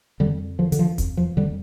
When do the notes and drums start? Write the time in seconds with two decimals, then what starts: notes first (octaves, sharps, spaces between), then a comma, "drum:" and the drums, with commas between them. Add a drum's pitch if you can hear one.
0.20 F2 D3 G3
0.59 D3 F3
0.72 D3, drum: hi-hat
0.79 F3
0.98 F2, drum: kick E1, hi-hat
1.17 F3
1.37 F2 D3 G3